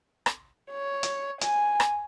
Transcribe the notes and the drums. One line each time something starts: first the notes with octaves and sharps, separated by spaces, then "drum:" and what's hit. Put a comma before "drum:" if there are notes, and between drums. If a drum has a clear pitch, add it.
drum: rim click
C#5
drum: hi-hat
G#5, drum: hi-hat
drum: rim click